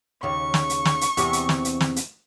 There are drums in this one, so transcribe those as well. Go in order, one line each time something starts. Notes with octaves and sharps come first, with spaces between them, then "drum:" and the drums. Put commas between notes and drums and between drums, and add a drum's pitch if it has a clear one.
D#2 C#3 C#6
drum: snare
drum: hi-hat
drum: snare
drum: hi-hat
E2 C3, drum: hi-hat
drum: hi-hat
drum: snare
drum: hi-hat
drum: snare
drum: hi-hat